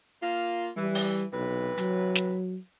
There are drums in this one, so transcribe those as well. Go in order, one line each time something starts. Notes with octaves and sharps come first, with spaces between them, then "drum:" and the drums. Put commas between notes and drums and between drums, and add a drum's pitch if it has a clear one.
A#3 F4
E3 G3
drum: open hi-hat
B1 C3 E3 B4
F#3, drum: hi-hat
drum: snare